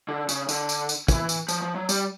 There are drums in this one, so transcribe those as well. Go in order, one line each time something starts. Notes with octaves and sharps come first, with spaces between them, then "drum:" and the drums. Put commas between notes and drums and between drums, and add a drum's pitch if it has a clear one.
D3
C#3, drum: tambourine
D3, drum: tambourine
drum: tambourine
drum: tambourine
E3, drum: kick, tambourine
drum: tambourine
F3, drum: tambourine
F3
F#3
G3, drum: tambourine